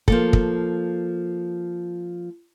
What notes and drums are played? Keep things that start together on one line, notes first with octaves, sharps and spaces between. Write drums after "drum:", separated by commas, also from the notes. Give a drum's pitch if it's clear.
F3 A#3 A4, drum: kick
drum: kick